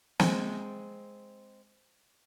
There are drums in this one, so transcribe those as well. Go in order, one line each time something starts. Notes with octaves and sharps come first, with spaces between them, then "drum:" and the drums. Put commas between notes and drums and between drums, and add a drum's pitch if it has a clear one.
G#3 C4, drum: snare